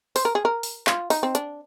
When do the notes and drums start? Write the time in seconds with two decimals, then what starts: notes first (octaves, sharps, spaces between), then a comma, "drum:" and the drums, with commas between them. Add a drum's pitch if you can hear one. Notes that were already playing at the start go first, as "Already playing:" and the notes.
0.16 C5, drum: open hi-hat
0.25 A#4
0.35 G#4
0.45 A#4
0.63 drum: open hi-hat
0.87 F4, drum: clap
1.10 D#4, drum: open hi-hat
1.23 C4
1.35 D4, drum: hi-hat